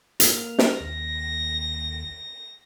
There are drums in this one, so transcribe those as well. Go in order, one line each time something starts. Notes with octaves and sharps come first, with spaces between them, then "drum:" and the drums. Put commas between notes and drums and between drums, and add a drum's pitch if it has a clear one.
A#3 F6, drum: hi-hat
drum: snare
D#2 A#6